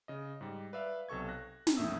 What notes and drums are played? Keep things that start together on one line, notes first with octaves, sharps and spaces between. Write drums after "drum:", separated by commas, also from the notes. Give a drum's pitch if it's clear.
C#3 D#5
G#2 G3
B4 D5 E5 F5
B1 C3 A4 C#6 G#6
F#6 A#6
drum: snare
A#1 E2 A2 E5 D#6 E6